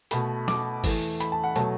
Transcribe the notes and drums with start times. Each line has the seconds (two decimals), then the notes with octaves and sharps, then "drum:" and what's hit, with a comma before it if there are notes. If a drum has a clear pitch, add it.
0.11 B2 A3 B5, drum: hi-hat
0.48 D6, drum: snare
0.84 E2 E3 A3, drum: kick G1, open hi-hat
1.20 B5, drum: hi-hat
1.32 A5
1.44 F#5
1.56 B2 F#3 A3 A5, drum: hi-hat